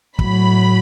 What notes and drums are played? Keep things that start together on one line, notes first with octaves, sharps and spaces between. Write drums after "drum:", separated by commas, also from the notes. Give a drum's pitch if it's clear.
A2 F#3 B5, drum: kick